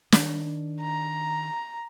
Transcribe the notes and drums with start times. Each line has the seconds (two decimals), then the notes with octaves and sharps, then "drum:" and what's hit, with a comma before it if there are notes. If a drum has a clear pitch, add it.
0.12 D#3 D4, drum: snare
0.82 A#5